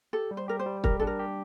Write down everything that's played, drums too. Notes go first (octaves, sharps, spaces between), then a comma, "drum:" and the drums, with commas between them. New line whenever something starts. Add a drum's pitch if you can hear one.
G4 A4
G3
C5
G4 A#4
C5
G3
G4 A#4, drum: kick
D4 A4
A#4
G4